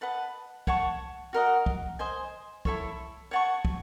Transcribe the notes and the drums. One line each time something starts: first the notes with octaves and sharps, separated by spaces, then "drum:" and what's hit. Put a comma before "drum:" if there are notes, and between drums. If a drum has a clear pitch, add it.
B4 D#5 F#5 A5
C#5 F#5 A5 C#6, drum: kick
F#4 A#4 D#5 F#5
drum: kick
C5 D#5 G#5
E4 A4 C#5, drum: kick
C#5 F#5 A5 C#6
drum: kick